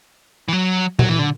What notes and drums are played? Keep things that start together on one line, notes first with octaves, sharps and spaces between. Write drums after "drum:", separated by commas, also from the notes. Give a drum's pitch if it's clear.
E3
F#3
F#3, drum: tom A#2
E3
D3